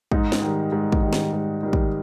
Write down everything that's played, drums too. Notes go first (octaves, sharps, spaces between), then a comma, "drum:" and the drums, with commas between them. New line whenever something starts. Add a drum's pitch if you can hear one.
G#2 D#4, drum: kick
drum: snare
D#3 G3
G#2
drum: kick
D#3 G3
drum: snare
G#2
D#3 G3
drum: kick